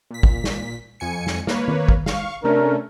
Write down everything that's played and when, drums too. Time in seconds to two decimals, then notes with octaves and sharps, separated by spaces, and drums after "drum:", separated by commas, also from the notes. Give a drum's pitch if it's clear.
0.11 A#2 B6
0.23 drum: kick
0.44 drum: snare
1.00 F2 G#5 C#7
1.27 drum: snare
1.47 A#3 B4 C#5, drum: snare
1.68 drum: tom D#3
1.89 drum: kick
2.06 F5 C#6, drum: snare
2.44 C3 A3 C#4 D4 A#4